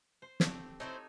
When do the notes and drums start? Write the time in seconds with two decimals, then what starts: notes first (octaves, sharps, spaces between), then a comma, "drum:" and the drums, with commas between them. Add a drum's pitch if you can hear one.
0.22 C5
0.40 A3 C4 G4, drum: snare
0.80 A3 C4 D#4 E4 C5 C#5